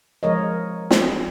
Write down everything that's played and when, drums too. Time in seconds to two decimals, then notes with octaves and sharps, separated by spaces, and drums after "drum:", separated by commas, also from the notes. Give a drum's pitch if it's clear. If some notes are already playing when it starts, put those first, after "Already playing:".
0.23 F3 G#3 A#4 C#5 D#5
0.91 drum: snare